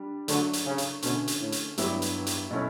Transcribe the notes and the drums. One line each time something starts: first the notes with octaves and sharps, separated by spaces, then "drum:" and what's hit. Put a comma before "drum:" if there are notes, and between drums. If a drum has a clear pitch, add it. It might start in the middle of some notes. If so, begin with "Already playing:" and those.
Already playing: G3 D4
D3 F#3 A3 D4 F#4, drum: hi-hat
drum: hi-hat
C#3
drum: hi-hat
B2 D3 A3 C#4, drum: hi-hat
drum: hi-hat
A2
drum: hi-hat
G2 F#3 B3 E4 G4, drum: hi-hat
drum: hi-hat
drum: hi-hat
B2 F#3 A3 C#4 E4